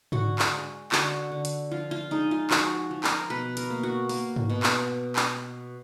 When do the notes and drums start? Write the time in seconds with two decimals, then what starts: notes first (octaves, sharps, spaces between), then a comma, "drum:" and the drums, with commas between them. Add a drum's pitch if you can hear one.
0.12 D3 F#4, drum: tom G#2
0.39 drum: clap
0.52 G#3
0.92 D3 F#4, drum: clap
1.31 D3
1.45 drum: hi-hat
1.71 F3 F4
1.91 F4
2.11 G#3 D#4
2.31 F4
2.50 F3 F#4, drum: clap
2.91 F3
3.04 A#4, drum: clap
3.30 B2 B4
3.57 A#4, drum: hi-hat
3.70 A#3
3.83 F#4
4.09 A#3, drum: open hi-hat
4.36 drum: tom G#2
4.49 B2
4.63 drum: clap
5.16 drum: clap